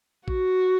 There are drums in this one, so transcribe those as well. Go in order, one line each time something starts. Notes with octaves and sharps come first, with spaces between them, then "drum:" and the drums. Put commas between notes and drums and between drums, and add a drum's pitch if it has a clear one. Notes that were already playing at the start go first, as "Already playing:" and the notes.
F#4, drum: kick A1